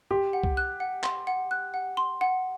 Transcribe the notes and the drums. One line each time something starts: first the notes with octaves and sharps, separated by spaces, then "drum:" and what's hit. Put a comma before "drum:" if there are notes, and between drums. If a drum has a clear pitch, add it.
G4 C6
F#5
drum: kick C2
F#6
F#5
C6, drum: clap
F#5
F#6
F#5
C6
F#5